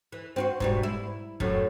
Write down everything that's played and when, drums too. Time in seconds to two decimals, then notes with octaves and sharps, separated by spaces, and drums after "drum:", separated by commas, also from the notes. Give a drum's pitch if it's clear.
0.12 E3
0.36 C4 F4 F#4
0.60 G#2 B2 G3, drum: kick E1
0.83 E4
1.40 F#2 A2 D#3, drum: kick E1